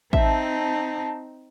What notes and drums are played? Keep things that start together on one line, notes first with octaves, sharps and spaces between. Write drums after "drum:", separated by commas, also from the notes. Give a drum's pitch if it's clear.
C4 D#4 E5 A5, drum: kick A1